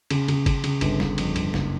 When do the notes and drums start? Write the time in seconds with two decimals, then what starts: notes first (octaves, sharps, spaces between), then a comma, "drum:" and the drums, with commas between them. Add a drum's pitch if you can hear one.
0.10 C#3, drum: cymbal
0.28 C#3, drum: cymbal
0.46 C#3, drum: kick, cymbal
0.64 C#3, drum: cymbal
0.81 G1, drum: cymbal
1.00 G1, drum: snare
1.18 F2, drum: cymbal
1.36 G1, drum: cymbal
1.54 F#1, drum: snare